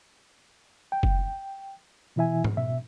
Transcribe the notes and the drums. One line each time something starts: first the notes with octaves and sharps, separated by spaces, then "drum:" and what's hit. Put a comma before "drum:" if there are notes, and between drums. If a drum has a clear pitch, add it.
G5
drum: kick F#1
B2 E3 E4 E5 G#5
drum: tom G#2
B2 E5